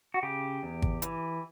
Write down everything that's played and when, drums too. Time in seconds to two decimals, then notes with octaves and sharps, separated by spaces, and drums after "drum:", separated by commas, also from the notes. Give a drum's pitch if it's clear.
0.14 F#4
0.23 C#3 G4
0.63 E2
0.82 drum: kick G#1
1.02 E3, drum: hi-hat